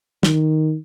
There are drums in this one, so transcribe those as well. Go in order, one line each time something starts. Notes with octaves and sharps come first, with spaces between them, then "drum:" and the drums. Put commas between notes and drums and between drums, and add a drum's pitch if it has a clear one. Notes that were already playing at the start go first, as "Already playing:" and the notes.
D#3, drum: snare